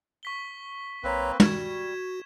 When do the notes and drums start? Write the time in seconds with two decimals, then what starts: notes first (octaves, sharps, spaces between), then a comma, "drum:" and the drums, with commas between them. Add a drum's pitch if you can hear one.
0.23 C#6 B6 G7
1.04 B1 A#3 C4 B4 C#5 A#5
1.40 G3 F#4 G#6 E7, drum: tom